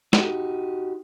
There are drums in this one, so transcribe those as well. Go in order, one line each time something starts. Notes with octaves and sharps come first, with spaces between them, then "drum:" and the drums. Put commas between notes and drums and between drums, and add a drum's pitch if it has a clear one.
D#4 F#4 G4, drum: snare